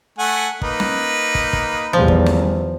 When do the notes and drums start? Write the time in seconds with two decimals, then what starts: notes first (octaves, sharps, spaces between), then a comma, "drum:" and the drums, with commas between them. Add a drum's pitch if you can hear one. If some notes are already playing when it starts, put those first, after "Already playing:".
0.18 A3 F#5 G#5
0.62 A#3 D#4 B4, drum: kick
0.80 drum: snare
1.35 drum: kick
1.53 drum: kick
1.93 E2 D#3 F3 G3
2.08 drum: kick
2.27 drum: snare